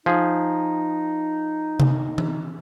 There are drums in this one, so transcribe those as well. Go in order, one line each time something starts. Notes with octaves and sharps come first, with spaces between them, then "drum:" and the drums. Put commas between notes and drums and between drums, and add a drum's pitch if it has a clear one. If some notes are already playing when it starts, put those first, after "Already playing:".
F3 D#4 G#4
drum: tom C3
drum: tom E3